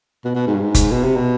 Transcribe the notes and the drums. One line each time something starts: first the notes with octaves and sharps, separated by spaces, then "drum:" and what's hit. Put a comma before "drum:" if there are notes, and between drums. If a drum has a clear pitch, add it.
B2
B2
G#2
G2
G#2
drum: kick F1, hi-hat
B2
C3
B2